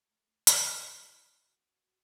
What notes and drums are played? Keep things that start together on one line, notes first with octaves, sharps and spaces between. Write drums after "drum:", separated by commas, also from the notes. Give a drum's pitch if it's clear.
A3
D4, drum: hi-hat
E4
F#4